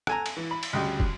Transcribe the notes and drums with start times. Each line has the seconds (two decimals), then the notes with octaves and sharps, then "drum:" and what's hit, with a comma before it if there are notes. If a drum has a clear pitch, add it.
0.07 A4 G#5 A#5, drum: rim click
0.26 drum: cymbal
0.37 E3
0.51 B5
0.63 drum: cymbal
0.73 D2 C#3 G3 D#5 G5
1.00 drum: kick